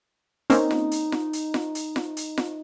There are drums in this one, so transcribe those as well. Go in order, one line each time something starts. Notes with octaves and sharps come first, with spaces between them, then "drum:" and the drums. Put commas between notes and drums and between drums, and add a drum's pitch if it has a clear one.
A#3 C4 C#4 D#4, drum: hi-hat
drum: snare F4
drum: hi-hat
drum: snare F4
drum: hi-hat
drum: snare F4
drum: hi-hat
drum: snare F4
drum: hi-hat
drum: snare F4